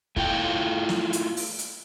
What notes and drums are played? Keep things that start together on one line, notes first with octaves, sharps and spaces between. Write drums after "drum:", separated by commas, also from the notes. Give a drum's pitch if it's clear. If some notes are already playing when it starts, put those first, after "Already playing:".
A3 E4 F4 G5, drum: kick
drum: snare
drum: hi-hat
drum: open hi-hat
drum: hi-hat